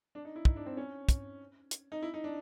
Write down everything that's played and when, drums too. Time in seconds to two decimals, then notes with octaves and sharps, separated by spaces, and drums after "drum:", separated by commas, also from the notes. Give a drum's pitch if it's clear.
0.15 D4
0.25 D#4
0.36 E4
0.45 D#4, drum: kick
0.56 D4
0.66 C4
0.77 C#4
1.09 drum: kick, hi-hat
1.71 drum: hi-hat
1.92 D#4
2.02 E4
2.14 D#4
2.24 D4